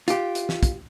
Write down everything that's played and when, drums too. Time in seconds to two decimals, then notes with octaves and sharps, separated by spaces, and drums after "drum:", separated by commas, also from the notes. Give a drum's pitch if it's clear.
0.08 F4 G4, drum: hi-hat
0.35 drum: hi-hat
0.49 drum: snare
0.63 drum: kick, hi-hat